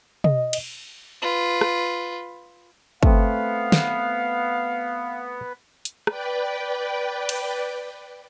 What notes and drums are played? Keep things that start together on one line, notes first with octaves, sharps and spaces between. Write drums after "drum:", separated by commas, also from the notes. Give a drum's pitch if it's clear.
D#5, drum: tom
drum: cymbal
F4 B4
drum: rim click
A3 B3 C4 F5, drum: kick
drum: snare
drum: hi-hat
B4 D5 G5, drum: rim click
drum: cymbal